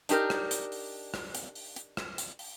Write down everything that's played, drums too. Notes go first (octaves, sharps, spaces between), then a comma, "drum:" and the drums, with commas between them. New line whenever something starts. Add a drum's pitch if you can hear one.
D4 D#4 G4 A#4, drum: hi-hat
drum: rim click
drum: hi-hat
drum: open hi-hat
drum: rim click
drum: hi-hat
drum: open hi-hat
drum: hi-hat
drum: rim click
drum: hi-hat
drum: open hi-hat